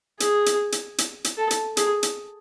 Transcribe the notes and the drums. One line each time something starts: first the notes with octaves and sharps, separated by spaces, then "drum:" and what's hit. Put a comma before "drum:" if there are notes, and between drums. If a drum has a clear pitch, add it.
G#4, drum: hi-hat
drum: hi-hat
drum: hi-hat
drum: hi-hat
drum: hi-hat
A4
drum: hi-hat
G#4, drum: hi-hat
drum: hi-hat